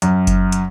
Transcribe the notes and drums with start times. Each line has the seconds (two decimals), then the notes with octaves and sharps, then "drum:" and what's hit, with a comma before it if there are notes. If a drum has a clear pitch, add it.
0.02 F#2, drum: hi-hat
0.27 drum: kick F#1, hi-hat
0.52 drum: hi-hat